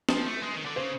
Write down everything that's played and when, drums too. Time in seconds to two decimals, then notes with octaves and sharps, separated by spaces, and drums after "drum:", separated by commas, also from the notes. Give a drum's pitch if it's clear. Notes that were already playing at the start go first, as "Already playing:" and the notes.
0.09 F3 B4, drum: snare C4
0.25 A3
0.43 G#3
0.53 D#3
0.65 D3
0.76 C#3 C5